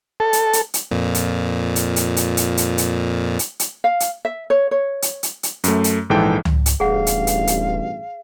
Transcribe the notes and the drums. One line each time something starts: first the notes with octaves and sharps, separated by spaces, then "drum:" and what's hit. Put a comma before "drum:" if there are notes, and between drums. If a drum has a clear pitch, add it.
A4
drum: hi-hat
drum: hi-hat
drum: hi-hat
F2 A#2
drum: hi-hat
drum: hi-hat
drum: hi-hat
drum: hi-hat
drum: hi-hat
drum: hi-hat
drum: hi-hat
drum: hi-hat
drum: hi-hat
F5
drum: hi-hat
E5
C#5
C#5
drum: hi-hat
drum: hi-hat
drum: hi-hat
F#2 A3, drum: hi-hat
drum: hi-hat
A#1 G#2 E3 A4 G5
drum: tom C#2
drum: hi-hat
D#1 A1 G2 B2 G#4 F5 F#5
drum: hi-hat
drum: hi-hat
drum: hi-hat